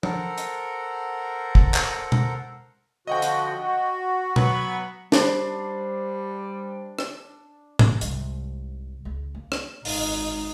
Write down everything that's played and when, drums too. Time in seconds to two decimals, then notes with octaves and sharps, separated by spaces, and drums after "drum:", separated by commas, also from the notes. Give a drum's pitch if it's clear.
0.03 A4 A#4 C5 F#5 A#5, drum: tom
0.38 drum: hi-hat
1.55 drum: kick
1.74 drum: clap
2.12 drum: tom
3.07 D3 F3 F#4 D#5 F#5 G5
3.22 drum: hi-hat
3.62 F#4
4.36 F#3 B3 B4 B5 C#6, drum: tom
5.12 G3 D4 C5, drum: snare
6.99 drum: rim click
7.79 drum: tom
8.01 C2 G#2, drum: hi-hat
9.05 C#2
9.35 A#3
9.52 drum: rim click
9.85 G#1 D#4, drum: open hi-hat